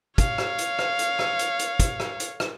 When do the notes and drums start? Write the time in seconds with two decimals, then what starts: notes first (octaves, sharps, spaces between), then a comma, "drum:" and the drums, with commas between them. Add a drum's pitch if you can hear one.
0.18 C#5 F5, drum: kick, hi-hat
0.38 drum: rim click
0.59 drum: hi-hat
0.79 drum: rim click
0.99 drum: hi-hat
1.19 drum: rim click
1.39 drum: hi-hat
1.59 drum: hi-hat
1.80 drum: kick, hi-hat
2.00 drum: rim click
2.20 drum: hi-hat
2.40 drum: rim click